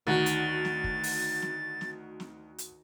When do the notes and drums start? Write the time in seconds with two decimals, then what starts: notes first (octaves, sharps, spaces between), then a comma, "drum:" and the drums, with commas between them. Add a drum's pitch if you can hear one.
0.07 D2 D#3 F#4 F#5 A6
0.26 drum: hi-hat
0.65 drum: snare
0.84 drum: kick
1.03 drum: open hi-hat
1.42 drum: snare
1.81 drum: snare
2.20 drum: snare
2.58 drum: hi-hat